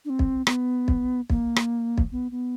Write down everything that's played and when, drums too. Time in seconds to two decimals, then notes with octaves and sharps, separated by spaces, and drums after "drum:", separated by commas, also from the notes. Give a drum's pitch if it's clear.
0.05 D4
0.10 C4
0.19 drum: kick
0.47 B3, drum: rim click
0.88 drum: kick
1.30 A#3, drum: kick
1.56 drum: rim click
1.98 drum: kick
2.12 B3
2.31 B3